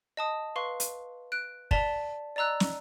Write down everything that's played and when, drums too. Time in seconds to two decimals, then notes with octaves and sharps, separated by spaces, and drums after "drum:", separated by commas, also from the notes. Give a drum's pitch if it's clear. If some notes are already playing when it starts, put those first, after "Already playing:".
0.17 D#5 A5 D#6
0.56 B4 F5 C6 C#6
0.80 drum: hi-hat
1.32 F#6 D7
1.71 D5 A5 B6 F7 G7, drum: kick
2.36 D5 D#5 A#5 E6 F#6
2.60 drum: snare